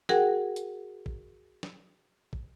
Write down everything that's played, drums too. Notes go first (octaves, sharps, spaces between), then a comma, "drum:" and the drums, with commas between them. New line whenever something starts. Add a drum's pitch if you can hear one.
F#4 G#4 A#4 F#5 G5, drum: snare
drum: hi-hat
drum: kick
drum: snare
drum: kick